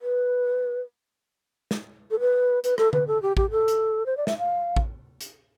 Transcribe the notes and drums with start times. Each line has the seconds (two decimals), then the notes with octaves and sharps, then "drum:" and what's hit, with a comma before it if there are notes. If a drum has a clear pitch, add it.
0.02 B4
1.71 drum: snare
2.11 A4
2.20 B4
2.64 B4, drum: hi-hat
2.78 A4, drum: rim click
2.93 B4, drum: tom D3
3.07 A4
3.22 G4
3.37 G4, drum: kick
3.51 A4
3.68 drum: hi-hat
4.06 C5
4.17 D5
4.27 E5, drum: snare
4.38 F5
4.76 drum: kick
5.21 drum: hi-hat